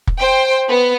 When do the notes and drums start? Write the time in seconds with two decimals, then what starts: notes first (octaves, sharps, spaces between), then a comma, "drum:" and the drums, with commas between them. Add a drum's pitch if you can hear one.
0.07 drum: kick
0.17 C5 G5
0.67 B3